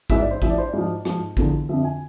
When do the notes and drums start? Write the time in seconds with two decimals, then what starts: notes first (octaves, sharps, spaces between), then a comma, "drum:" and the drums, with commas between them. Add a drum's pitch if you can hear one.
0.10 G#2 E3 E5, drum: kick
0.20 D5
0.31 C5
0.42 A2 F3 E5, drum: kick
0.50 D5
0.58 C5
0.66 D5
0.73 G#2 F3
1.05 G#2 F3, drum: rim click
1.37 E2 D3 F3, drum: kick
1.69 F2 D3 F3 E5
1.84 G#5